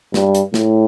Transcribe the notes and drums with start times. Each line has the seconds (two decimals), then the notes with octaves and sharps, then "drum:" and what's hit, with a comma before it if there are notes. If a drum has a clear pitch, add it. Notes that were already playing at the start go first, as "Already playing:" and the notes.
0.14 G2, drum: snare
0.35 drum: hi-hat
0.54 A2, drum: snare